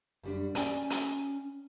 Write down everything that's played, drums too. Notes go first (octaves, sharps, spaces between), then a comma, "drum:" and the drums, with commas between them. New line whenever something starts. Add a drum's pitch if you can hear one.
F#2 G3 D4
C#4 D5 G5 G#5, drum: hi-hat
drum: hi-hat